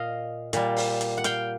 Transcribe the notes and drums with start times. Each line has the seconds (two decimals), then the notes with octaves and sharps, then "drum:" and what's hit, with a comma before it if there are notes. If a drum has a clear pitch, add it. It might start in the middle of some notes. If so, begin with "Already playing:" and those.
Already playing: A#2 D#5 F5
0.53 A#2 G3, drum: hi-hat
0.77 drum: open hi-hat
1.01 drum: hi-hat
1.18 F#5
1.24 F5 G5, drum: hi-hat